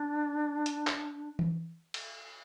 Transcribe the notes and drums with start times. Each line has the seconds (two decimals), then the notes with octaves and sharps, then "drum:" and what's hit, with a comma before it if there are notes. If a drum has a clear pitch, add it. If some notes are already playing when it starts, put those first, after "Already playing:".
Already playing: D4
0.66 drum: hi-hat
0.87 drum: clap
1.39 drum: tom E3
1.94 drum: cymbal